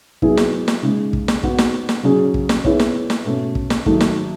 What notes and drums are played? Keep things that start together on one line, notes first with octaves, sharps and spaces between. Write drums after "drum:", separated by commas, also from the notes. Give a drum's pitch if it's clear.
F#3 B3 E4 G#4, drum: kick
drum: snare
drum: snare
C#3 G#3 D#4
drum: kick
drum: snare
B3 D#4 F#4, drum: kick
drum: snare
drum: snare
C#3 F#3 C#4 G#4 C#5
drum: kick
drum: snare
B3 E4 G#4 C#5, drum: kick
drum: snare
drum: snare
B2 A3 C#4
drum: kick
drum: snare
D#3 F#3 A3 D#4, drum: kick
drum: snare